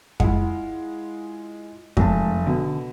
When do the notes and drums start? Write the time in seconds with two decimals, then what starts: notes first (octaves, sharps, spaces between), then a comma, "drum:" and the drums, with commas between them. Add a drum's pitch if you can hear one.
0.20 G#3 E4 F4 F#5, drum: kick F2
1.97 F1 F#2 G#3 A5, drum: kick F2
2.47 B2 D3